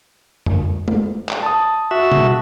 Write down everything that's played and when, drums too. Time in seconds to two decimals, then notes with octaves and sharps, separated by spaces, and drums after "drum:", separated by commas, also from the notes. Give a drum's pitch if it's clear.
0.46 drum: tom F2
0.88 drum: tom G#3
1.29 drum: clap
1.43 A5 D#6
1.91 F#4 E5
2.12 drum: tom B2